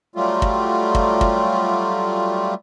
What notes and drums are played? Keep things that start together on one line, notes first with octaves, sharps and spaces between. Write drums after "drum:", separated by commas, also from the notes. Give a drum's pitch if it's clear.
F#3 G3 A3 F4
drum: kick
drum: kick
drum: kick